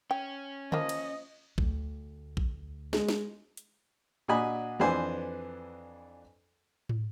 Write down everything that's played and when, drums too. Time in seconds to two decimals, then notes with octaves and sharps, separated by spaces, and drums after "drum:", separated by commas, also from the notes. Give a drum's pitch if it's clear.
0.11 C#4 G5
0.72 F3 A#3 D#5, drum: tom D3
0.89 drum: cymbal
1.58 D2, drum: kick A#1
2.37 drum: kick A#1
2.93 G#3, drum: snare
3.09 drum: snare
3.57 drum: hi-hat
4.28 A#2 D4 F#4 D#5 G#5 B5
4.79 F2 E3 D4 B4 C5 G#5
6.89 drum: tom